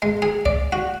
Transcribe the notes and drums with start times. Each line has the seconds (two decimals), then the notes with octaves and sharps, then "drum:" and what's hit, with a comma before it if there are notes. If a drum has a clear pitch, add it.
0.02 G#3
0.22 G#4
0.46 D5, drum: kick C2
0.72 F#4